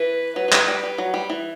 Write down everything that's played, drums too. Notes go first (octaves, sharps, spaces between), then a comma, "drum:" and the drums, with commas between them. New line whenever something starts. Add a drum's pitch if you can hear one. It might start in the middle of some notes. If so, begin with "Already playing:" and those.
Already playing: E3 B4
F#3 B4
F#3
G3, drum: clap
G3
G3
F#3
G3
E3